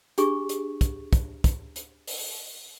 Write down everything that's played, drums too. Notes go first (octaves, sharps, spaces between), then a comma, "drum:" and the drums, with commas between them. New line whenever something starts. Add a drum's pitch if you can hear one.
D4 G4 G#4 C#6, drum: hi-hat
drum: hi-hat
drum: kick, hi-hat
drum: kick, hi-hat
drum: kick, hi-hat
drum: hi-hat
drum: open hi-hat